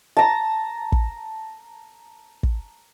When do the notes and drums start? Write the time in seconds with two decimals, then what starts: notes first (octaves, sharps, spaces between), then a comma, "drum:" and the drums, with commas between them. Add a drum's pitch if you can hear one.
0.17 A5 A#5
0.92 drum: kick
2.43 drum: kick